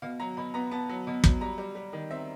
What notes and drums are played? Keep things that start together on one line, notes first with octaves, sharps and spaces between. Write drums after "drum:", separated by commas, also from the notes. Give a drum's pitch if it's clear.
B2 F5
F#3 A#5
B2 B5
B3 A#5
B3 A5
F#3
B2
F#3, drum: kick
G3 A#5
G3
G3
D#3
C4 E5